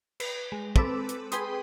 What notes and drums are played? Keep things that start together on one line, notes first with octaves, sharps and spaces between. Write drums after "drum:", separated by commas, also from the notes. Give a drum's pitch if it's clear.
B4, drum: cymbal
G#3
C4 A4 B4 D6 E6, drum: kick
drum: hi-hat
G#4 B4 G5 B5 C6 D#6, drum: hi-hat